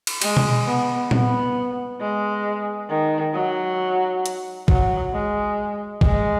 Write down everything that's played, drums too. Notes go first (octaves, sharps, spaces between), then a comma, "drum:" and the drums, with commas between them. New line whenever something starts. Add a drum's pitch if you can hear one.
drum: cymbal
G#3, drum: cymbal
drum: tom B2
B3
B3, drum: tom A#2
G#3
D#3
F#3
drum: hi-hat
F#3, drum: kick
G#3
G#3, drum: kick